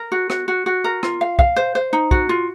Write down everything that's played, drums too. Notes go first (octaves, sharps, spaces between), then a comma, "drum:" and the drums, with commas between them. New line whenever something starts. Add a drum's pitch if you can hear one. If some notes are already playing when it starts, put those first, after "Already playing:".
Already playing: A#4
F#4
F#4, drum: rim click
F#4
F#4
A#4
F4, drum: rim click
F5
F5, drum: kick
C5
C5
D#4
F#4, drum: kick
F4